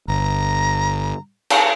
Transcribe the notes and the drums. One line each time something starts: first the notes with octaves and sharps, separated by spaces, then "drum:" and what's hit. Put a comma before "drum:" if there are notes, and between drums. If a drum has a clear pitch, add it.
G1 A#5
drum: cymbal